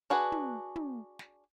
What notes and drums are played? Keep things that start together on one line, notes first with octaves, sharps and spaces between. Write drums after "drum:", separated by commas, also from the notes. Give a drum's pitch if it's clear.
D4 F#4 G#4 B4
drum: tom
drum: tom
drum: snare